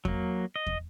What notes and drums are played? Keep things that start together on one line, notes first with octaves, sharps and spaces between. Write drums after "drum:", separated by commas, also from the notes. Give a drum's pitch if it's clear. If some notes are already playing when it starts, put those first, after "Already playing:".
F#3 A#3, drum: kick E2
D#5
drum: kick E2